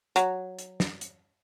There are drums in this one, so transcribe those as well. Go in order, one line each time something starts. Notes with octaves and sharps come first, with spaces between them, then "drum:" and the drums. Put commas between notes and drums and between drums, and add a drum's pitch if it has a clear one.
F#3, drum: hi-hat
drum: hi-hat
drum: snare
drum: hi-hat